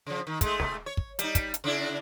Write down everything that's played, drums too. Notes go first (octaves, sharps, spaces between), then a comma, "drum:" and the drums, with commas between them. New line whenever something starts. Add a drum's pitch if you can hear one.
C#3 F3
D#3
G#3 A3, drum: kick, hi-hat
drum: snare
C#5
drum: kick
G3 D#4, drum: hi-hat
drum: kick, hi-hat
drum: hi-hat
C#3 D4 E4